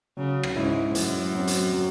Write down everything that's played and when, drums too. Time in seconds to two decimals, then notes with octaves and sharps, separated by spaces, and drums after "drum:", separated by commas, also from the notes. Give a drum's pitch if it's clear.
0.17 C#3 F#3
0.43 drum: rim click
0.56 G#2 C#4 E4
0.95 F#2 A2, drum: hi-hat
1.35 F#3 C4
1.47 drum: hi-hat
1.73 F#3